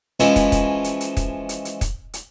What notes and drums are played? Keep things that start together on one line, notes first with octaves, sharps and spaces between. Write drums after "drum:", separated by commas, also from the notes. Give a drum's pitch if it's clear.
E3 F3 G#3 C#4 E4, drum: hi-hat
drum: kick, hi-hat
drum: kick, hi-hat
drum: hi-hat
drum: hi-hat
drum: kick, hi-hat
drum: hi-hat
drum: hi-hat
drum: kick, hi-hat
drum: hi-hat